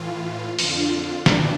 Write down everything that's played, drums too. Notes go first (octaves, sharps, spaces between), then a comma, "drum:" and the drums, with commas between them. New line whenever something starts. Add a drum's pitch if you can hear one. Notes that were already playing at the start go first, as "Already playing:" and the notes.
Already playing: A2 E3 F4
F2 D3 F4, drum: open hi-hat
G2 E3 D4, drum: snare